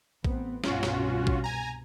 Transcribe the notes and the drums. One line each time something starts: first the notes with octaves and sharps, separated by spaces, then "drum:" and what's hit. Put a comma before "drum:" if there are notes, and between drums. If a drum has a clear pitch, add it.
A1 B3 C4, drum: kick A#1
C2 G2 B2 C#4 F4 F#4, drum: snare
drum: snare
drum: kick A#1
G#5 A#5